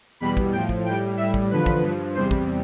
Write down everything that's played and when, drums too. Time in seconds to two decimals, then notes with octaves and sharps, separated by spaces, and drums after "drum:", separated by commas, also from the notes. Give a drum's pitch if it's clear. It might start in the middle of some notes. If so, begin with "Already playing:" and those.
0.20 E2 B2 G3 B5
0.37 drum: kick
0.52 A2 F3 G5
0.69 drum: kick
0.85 A2 G3 G5
1.17 A2 G3 E5
1.34 drum: kick
1.51 E2 D3 F3 B4
1.66 drum: kick
1.82 G2 F3
2.15 E2 C3 G3 C5
2.31 drum: kick